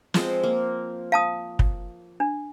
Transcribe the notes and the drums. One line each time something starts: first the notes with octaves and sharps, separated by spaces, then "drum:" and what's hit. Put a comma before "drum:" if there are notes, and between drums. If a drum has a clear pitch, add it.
F3 G#3 C4, drum: snare
A#3
F5 A5 D#6
drum: kick
D4